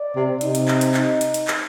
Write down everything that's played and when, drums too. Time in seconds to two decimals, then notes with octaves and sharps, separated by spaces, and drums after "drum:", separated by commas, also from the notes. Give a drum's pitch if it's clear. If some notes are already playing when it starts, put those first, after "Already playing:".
Already playing: D5
0.16 C3
0.41 C3 D#4, drum: hi-hat
0.55 drum: hi-hat
0.68 drum: clap
0.81 drum: hi-hat
0.94 D#4, drum: clap
1.21 drum: hi-hat
1.34 drum: hi-hat
1.48 drum: clap